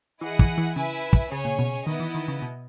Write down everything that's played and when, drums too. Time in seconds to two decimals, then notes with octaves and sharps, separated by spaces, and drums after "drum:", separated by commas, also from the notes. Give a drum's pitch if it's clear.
0.21 E3 E4 G#4 D#5 F#5
0.39 E3, drum: kick
0.57 E3
0.76 C#3 E4 B4 E5 G#5
1.13 drum: kick
1.31 C#3 C#4 G#4 C#5 G#5
1.45 A#2
1.59 B2
1.86 D#3 B3 E4 B4 D#5
2.00 E3
2.14 D#3
2.28 C#3
2.42 B2